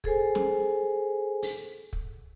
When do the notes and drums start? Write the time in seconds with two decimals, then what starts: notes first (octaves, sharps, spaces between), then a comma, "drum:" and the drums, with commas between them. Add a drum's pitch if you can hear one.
0.04 G#4 A4 C5 G#5, drum: kick
0.35 drum: snare
1.43 drum: open hi-hat
1.93 drum: kick